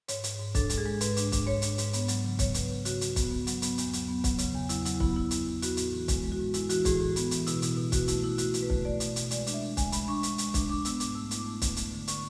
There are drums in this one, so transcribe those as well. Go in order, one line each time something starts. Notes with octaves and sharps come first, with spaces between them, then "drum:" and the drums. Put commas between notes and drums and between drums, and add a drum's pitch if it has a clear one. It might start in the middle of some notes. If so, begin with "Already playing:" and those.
G#2 C#5, drum: hi-hat
G#2, drum: hi-hat
G#2
D4 A4, drum: kick, hi-hat
G#3, drum: hi-hat
G#4
G#3
G#2 B4, drum: hi-hat
D4, drum: hi-hat
D4, drum: kick, hi-hat
G#2 C#5
D4, drum: hi-hat
G#2, drum: hi-hat
B3, drum: hi-hat
F#3, drum: hi-hat
C#3
F#3 C#5, drum: kick, hi-hat
B3 B4, drum: hi-hat
C#3
C#3 F#4, drum: hi-hat
B3, drum: hi-hat
B3, drum: kick, hi-hat
B3
F#3, drum: hi-hat
B3, drum: hi-hat
E2, drum: hi-hat
F#3, drum: hi-hat
B3
F#3, drum: kick, hi-hat
C#3, drum: hi-hat
E2
F#3 E4, drum: hi-hat
F#3 E4, drum: hi-hat
B3 E4, drum: kick
B3 E4
E2, drum: hi-hat
E2
B3 F#4, drum: hi-hat
A2, drum: hi-hat
E3
G#3, drum: kick, hi-hat
G#3
F#4
A2
G#3 E4, drum: hi-hat
E3 F#4, drum: hi-hat
A2 G#4, drum: kick, hi-hat
A2
B3, drum: hi-hat
E3, drum: hi-hat
B2 E4, drum: hi-hat
B2, drum: hi-hat
B2
B2 F#4, drum: kick, hi-hat
A3 E4, drum: hi-hat
B2 E4
A3 F#4, drum: hi-hat
B2, drum: hi-hat
B4
A3, drum: kick
A3 D5
B2, drum: hi-hat
B2, drum: hi-hat
G#3 D5, drum: hi-hat
D4, drum: hi-hat
E5
D4
G#3 G#5, drum: kick, hi-hat
G#3 B5, drum: hi-hat
D4 C#6
G#3, drum: hi-hat
G#3, drum: hi-hat
D4, drum: kick, hi-hat
D4 D6
B3 E6, drum: hi-hat
G#2 D6, drum: hi-hat
A3 E6
E4, drum: hi-hat
D6
A3
D3, drum: kick, hi-hat
A3, drum: hi-hat
D3
D3 C#6, drum: hi-hat